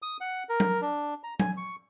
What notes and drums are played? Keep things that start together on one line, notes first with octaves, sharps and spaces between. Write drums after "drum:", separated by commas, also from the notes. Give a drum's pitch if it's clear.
D#6
F#5
A#4
drum: tom F#3
D4
A#5
G#5, drum: tom F#3
C#6